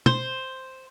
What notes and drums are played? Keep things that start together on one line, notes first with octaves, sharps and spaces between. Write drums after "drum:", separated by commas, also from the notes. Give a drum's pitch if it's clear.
C5, drum: tom